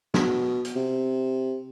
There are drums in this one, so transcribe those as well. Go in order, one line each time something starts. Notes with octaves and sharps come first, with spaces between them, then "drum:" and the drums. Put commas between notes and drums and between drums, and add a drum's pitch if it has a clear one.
B2, drum: snare
drum: hi-hat
C3